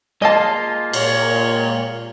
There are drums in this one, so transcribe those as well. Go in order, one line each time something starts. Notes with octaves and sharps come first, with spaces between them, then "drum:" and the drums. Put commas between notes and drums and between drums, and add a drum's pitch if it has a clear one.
G#3 A#3 F4 D#5 A5
A#2 C#5, drum: cymbal